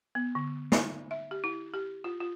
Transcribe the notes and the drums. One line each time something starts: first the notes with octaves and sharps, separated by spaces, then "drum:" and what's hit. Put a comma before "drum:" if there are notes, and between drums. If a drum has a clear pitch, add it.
B3
D3
D#4, drum: snare
E5
G4
E4
G4
F4
F4